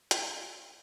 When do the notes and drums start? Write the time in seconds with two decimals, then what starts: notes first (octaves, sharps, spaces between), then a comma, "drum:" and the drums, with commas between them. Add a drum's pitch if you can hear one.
0.11 E5 F#5 A5, drum: hi-hat